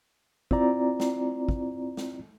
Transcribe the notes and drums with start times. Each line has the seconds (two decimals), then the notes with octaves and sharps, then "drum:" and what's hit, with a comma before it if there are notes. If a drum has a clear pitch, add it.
0.51 C4 E4 F4 D5 A#5, drum: kick
1.00 drum: snare
1.49 drum: kick
1.97 drum: snare